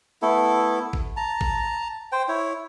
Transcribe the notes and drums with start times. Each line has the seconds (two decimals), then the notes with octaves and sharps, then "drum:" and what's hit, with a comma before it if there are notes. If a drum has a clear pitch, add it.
0.22 A3 B3 E4 A4
0.93 drum: kick G#1
1.17 A5 A#5
1.41 drum: kick G#1
2.12 C5 G5
2.28 E4 C#5